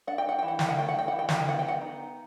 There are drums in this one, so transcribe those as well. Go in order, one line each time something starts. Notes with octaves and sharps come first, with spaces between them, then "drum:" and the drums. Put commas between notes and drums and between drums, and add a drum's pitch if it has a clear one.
D4 F#5
G5
F#5
E3 G5
F#5
G5, drum: snare
F#5
A3 G5
F#5
G5
E3 F#5
G5
F#5, drum: snare
G5
B3 F#5
G5
F#5
D#4